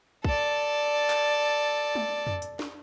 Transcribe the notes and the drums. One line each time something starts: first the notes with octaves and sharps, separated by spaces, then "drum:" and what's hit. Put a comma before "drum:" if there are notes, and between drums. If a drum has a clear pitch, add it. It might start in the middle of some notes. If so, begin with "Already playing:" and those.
A4 D5, drum: kick
drum: clap
drum: tom G#3
drum: tom F2
drum: hi-hat
drum: snare